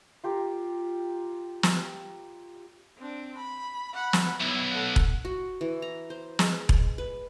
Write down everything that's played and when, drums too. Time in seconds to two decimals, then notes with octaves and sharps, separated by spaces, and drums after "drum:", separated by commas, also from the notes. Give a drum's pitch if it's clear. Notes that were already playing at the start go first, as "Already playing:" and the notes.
0.24 F4 G4 A#4
1.63 drum: snare
2.98 C4 D4
3.37 B5
3.93 F#5 B5
4.13 drum: snare
4.40 B1 E4
4.71 A3 F#5
4.96 drum: kick E1
5.25 F#4
5.61 E3
5.82 A#5
6.10 C5
6.39 G#3, drum: snare
6.69 drum: kick E1
6.98 B4